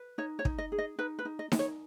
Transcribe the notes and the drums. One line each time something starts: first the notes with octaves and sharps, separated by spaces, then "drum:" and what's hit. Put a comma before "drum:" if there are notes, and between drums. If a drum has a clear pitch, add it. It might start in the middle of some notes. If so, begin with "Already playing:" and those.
Already playing: B4
D#4 C#5
C#5
D#4, drum: kick
D#5
G#4
D#5
D#4 B4
B4
D#4
D#5
D#4, drum: snare D#4
C#5